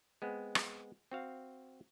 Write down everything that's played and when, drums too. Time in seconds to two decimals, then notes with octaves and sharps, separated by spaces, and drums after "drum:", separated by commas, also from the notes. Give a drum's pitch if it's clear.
0.22 G#3 B3 C4
0.55 drum: rim click
1.11 C4 F#4 F5